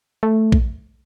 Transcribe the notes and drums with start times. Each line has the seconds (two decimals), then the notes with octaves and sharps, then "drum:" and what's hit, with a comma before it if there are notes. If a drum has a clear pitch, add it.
0.23 A3
0.52 drum: kick A#1